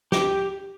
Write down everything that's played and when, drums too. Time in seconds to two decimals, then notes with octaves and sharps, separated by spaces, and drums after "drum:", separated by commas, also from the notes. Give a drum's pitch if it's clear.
0.12 G4, drum: snare